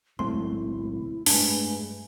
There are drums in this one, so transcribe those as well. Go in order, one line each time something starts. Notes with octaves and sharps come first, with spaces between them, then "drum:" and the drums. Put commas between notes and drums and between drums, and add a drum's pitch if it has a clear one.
D1 B1 G#3 A3 C4 E4 C6
G2 G#3 A3 D4 G#4 B4 G#5, drum: open hi-hat